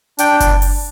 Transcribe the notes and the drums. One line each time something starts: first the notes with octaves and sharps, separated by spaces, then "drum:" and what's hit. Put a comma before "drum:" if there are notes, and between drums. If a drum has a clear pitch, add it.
D4 G5, drum: hi-hat
drum: kick F#1, hi-hat
drum: open hi-hat